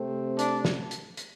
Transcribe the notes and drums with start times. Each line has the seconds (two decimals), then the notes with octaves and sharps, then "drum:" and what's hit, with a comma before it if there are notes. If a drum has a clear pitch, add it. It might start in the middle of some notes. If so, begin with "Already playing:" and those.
Already playing: C3 A3 C4
0.39 D4, drum: hi-hat
0.65 drum: snare
0.91 drum: hi-hat
1.17 drum: hi-hat